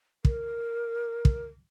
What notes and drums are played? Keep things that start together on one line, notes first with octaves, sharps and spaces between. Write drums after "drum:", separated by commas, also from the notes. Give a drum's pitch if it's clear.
A#4, drum: kick
drum: kick